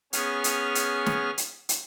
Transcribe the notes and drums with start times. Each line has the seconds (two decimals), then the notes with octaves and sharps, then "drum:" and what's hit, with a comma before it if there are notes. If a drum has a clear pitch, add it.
0.13 B3 C#4 G#4 F6, drum: hi-hat
0.44 drum: hi-hat
0.75 drum: hi-hat
1.06 drum: snare
1.38 drum: hi-hat
1.69 drum: hi-hat